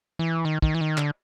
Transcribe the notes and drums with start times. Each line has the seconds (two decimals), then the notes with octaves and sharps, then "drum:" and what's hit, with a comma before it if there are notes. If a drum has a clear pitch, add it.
0.19 E3
0.45 D#3
0.62 D#3, drum: kick
0.75 E3
0.81 D#3
0.97 D3, drum: clap